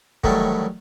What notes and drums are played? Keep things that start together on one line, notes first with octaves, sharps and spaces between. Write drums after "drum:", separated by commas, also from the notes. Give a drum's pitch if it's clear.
A2 D#3 E3 F#3 G3 A3, drum: kick